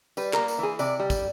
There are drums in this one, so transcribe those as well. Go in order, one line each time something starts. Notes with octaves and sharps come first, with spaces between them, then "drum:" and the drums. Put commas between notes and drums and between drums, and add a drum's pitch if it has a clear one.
G3 B4, drum: tambourine
A#3 A#4, drum: clap
drum: tambourine
E3 G#4
C3 D5, drum: tambourine
G3
drum: kick, tambourine